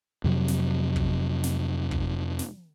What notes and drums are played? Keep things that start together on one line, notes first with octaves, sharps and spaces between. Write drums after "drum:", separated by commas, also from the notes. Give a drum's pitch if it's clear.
F2 C3 F#3
drum: snare
drum: kick
drum: snare
drum: kick
drum: snare